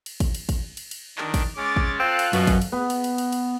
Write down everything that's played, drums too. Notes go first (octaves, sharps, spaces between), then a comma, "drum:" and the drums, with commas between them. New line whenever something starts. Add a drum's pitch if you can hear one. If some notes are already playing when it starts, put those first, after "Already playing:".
drum: cymbal
drum: kick, cymbal
drum: cymbal
drum: kick, cymbal
drum: cymbal
drum: cymbal
D#3 D4, drum: clap
drum: kick, cymbal
G#3 C#4 D6 A6
drum: kick
C4 F4 A4 F5 F#6
drum: cymbal
F#2 B2, drum: cymbal
drum: kick, cymbal
drum: cymbal
B3
drum: cymbal
drum: cymbal
drum: cymbal
drum: cymbal